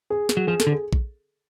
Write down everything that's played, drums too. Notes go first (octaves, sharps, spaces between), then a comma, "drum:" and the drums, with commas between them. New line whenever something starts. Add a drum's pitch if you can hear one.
G#4
G#4, drum: snare
F#3
F3 G#4
A4, drum: snare
D3
G#4
drum: kick A#1